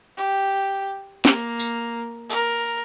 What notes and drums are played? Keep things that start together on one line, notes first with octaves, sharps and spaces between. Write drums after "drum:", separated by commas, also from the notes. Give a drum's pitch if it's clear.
G4
A#3, drum: snare
drum: tambourine
A#4